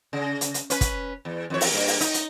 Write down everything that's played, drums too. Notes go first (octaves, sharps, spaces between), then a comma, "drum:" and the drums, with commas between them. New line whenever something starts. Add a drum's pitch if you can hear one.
C#3
drum: hi-hat
drum: hi-hat
C#4 B4, drum: hi-hat
drum: kick, hi-hat
E2
F2 E3 C#5
drum: open hi-hat
G2 A#3
drum: open hi-hat
D#4, drum: hi-hat
drum: hi-hat